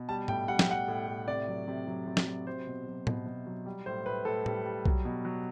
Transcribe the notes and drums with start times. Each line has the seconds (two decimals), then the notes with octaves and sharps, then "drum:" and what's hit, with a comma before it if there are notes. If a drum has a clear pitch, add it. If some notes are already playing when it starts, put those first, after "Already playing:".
Already playing: B2
0.09 G3 A5
0.28 A2 G5, drum: tom G#2
0.48 G3 F#5
0.59 G5, drum: snare
0.68 G3 F#5
0.88 A2
1.08 A2
1.28 C3 D5
1.48 F#3
1.68 C3
1.87 F#3
2.07 C3
2.17 drum: snare
2.27 C3
2.47 F#3 C5
2.67 B2
2.87 F#3
3.07 B2, drum: tom A2
3.26 B2
3.47 F#3
3.66 G3
3.86 A2 C5
4.06 A2 B4
4.25 A2 A4
4.46 G3, drum: tom A2
4.66 G3
4.86 F#3, drum: kick B1
5.05 B2
5.25 F#3